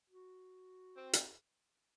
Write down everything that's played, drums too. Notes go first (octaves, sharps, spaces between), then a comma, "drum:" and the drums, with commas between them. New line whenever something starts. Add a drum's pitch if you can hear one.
F#4
C4
drum: hi-hat